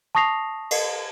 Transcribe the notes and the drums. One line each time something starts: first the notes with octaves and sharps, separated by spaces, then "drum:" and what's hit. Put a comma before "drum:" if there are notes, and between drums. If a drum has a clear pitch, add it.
A5 C#6 D#6 A#6 C7 F7
drum: cymbal